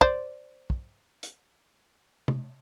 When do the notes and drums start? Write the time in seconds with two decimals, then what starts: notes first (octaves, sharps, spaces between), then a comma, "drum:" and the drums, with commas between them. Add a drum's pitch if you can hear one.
0.01 C5 D5, drum: kick
0.70 drum: kick
1.23 drum: hi-hat
2.28 drum: tom C3